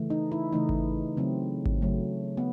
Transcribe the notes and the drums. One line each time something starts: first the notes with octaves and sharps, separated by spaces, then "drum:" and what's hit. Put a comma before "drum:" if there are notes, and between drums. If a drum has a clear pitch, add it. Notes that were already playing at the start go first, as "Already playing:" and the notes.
Already playing: C#3 E3 A3
D#4
E4
C#3 E3 A3 D#4
drum: kick G#1
C#3 F#3 A3 C4
drum: kick G#1
C#3 F#3 A3
B3